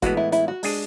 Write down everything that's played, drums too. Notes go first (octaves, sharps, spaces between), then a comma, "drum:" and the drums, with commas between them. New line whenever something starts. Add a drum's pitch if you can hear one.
A2 E3 G#3 B3 F#4, drum: kick G1, hi-hat
E4
E4, drum: hi-hat
F#4
G#3 D4 G#4, drum: open hi-hat